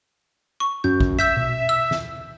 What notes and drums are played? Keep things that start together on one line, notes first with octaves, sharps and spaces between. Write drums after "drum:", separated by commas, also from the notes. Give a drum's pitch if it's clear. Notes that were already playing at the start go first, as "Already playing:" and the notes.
C#6
F#2 G6
drum: kick
E5 E6 G6 B6
drum: tom B2
E6
drum: snare